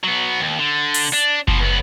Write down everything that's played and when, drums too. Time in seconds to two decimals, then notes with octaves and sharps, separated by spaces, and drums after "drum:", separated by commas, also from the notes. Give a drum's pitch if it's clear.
0.04 F#3 B3
0.40 D#2
0.59 D3
0.94 drum: open hi-hat
1.13 D4
1.48 B2 F3, drum: kick F#1
1.60 C#2 B3